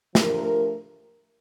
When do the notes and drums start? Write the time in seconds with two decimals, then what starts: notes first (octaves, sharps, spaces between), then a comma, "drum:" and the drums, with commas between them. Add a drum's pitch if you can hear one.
0.15 F3 A3 D4 G4 A#4, drum: snare